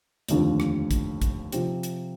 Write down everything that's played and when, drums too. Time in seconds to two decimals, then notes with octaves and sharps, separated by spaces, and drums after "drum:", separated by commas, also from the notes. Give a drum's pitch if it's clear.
0.28 F1 D#2 D3 F3, drum: hi-hat
0.60 drum: rim click
0.91 drum: kick, hi-hat
1.22 drum: kick, hi-hat
1.52 C3 F3 C4 G4, drum: hi-hat
1.83 drum: hi-hat